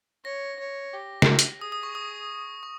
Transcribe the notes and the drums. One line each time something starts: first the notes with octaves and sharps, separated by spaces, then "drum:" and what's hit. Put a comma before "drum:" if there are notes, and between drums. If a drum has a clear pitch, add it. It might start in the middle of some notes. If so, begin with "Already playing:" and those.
C#5 A#6
C#5
G4
drum: snare
drum: hi-hat
G#4 D#6
D#6
C#6
D#6
C#6